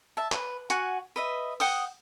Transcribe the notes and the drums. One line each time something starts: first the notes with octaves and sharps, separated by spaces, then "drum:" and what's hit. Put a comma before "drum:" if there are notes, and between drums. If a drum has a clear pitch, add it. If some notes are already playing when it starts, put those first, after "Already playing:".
E5 A5
B4, drum: clap
F#4 F#5 G#5 C#6, drum: hi-hat
B4 D#5 E5
F#5 G5 D#6, drum: open hi-hat